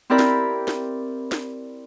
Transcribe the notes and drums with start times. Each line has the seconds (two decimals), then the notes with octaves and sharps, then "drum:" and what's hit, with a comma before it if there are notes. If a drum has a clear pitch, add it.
0.10 C4 E4 G4 A#4 D5 B5
0.19 drum: snare
0.68 drum: snare
1.32 drum: snare